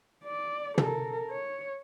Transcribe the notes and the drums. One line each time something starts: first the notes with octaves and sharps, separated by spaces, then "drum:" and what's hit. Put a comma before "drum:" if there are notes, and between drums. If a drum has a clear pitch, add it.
D5
A4 A#4, drum: tom
C#5